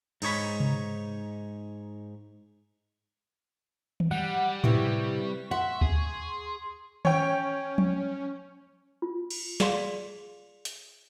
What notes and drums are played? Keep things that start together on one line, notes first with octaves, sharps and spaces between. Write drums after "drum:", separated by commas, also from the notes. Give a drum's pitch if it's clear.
G#2 D#4 C#5 B5, drum: cymbal
drum: tom C3
drum: tom D#3
G3 F#5
C3 E4 G4 B4 C#6, drum: tom A2
E5 F#5 C6
G#4, drum: kick
C#4 C#5 G5, drum: tom D#3
drum: tom F3
F4
drum: cymbal
G#4 D5 F5 C6, drum: snare
drum: hi-hat